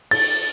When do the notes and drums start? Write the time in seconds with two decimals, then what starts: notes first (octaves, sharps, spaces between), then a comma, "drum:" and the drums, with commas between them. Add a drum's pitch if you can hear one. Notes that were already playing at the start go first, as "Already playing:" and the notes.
0.11 A6, drum: cymbal